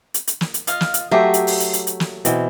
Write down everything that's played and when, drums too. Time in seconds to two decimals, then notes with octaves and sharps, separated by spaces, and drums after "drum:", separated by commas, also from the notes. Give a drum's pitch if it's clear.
0.14 drum: hi-hat
0.27 drum: hi-hat
0.41 drum: snare
0.54 drum: hi-hat
0.67 F4 D#5 F5, drum: hi-hat
0.81 drum: snare
0.94 drum: hi-hat
1.11 F#3 A3 G4 G#4 E5
1.34 drum: hi-hat
1.47 drum: open hi-hat
1.60 drum: hi-hat
1.73 drum: hi-hat
1.87 drum: hi-hat
2.00 drum: snare
2.25 B2 E3 C4, drum: hi-hat